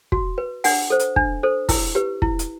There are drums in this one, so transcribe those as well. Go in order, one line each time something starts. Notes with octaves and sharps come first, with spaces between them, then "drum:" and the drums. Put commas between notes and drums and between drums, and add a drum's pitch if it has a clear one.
F#4, drum: kick
B4
D4 F#5, drum: open hi-hat
A4 C5
drum: hi-hat
D4, drum: kick
A4 C5
E4 E6, drum: kick, open hi-hat
G4 B4
E4, drum: kick
drum: hi-hat